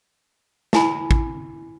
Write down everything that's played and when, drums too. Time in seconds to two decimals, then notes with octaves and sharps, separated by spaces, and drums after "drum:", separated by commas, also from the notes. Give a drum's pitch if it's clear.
0.73 E4 G#5 B5, drum: snare
1.11 drum: kick